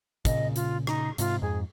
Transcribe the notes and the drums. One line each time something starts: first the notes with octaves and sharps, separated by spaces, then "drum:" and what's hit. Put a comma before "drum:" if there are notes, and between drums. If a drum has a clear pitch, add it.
A#2 C#3 D#5, drum: kick, hi-hat
F4, drum: hi-hat
D#4, drum: rim click
G#2 C3 F4, drum: hi-hat
F2 G#2 G#4